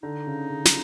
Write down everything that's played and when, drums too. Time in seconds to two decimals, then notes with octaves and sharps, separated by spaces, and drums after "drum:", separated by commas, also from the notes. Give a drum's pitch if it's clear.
0.03 D3 D#4
0.27 C#3
0.50 C#3
0.65 drum: snare